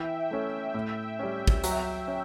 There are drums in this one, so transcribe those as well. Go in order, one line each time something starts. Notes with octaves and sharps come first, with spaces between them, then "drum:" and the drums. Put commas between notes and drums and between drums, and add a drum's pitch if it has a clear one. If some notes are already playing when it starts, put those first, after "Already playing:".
Already playing: E3 E5 G5
A3 C#4
A2
G3 C#4
drum: kick
F#3, drum: hi-hat
C#4